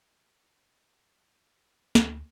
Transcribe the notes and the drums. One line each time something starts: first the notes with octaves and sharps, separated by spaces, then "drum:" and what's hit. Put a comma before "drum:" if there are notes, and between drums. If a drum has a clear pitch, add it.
D2, drum: snare